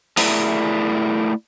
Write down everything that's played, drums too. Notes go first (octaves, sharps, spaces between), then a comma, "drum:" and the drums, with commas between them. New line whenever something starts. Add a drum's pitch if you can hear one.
A3 E4 G#4 A#4 D5 E5, drum: open hi-hat